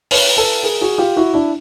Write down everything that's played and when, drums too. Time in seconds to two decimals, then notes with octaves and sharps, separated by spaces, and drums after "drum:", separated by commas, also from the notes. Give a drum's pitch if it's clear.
0.11 B4 C#5, drum: open hi-hat
0.37 A4 B4
0.63 G#4 A#4
0.81 F#4 G#4
0.98 F4 G4
1.17 E4 F#4
1.34 D4 E4